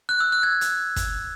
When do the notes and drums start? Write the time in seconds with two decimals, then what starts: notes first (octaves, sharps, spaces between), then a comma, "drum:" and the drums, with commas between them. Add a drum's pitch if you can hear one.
0.09 F#6
0.20 E6
0.32 F#6
0.43 G#6
0.61 drum: hi-hat
0.96 drum: kick, hi-hat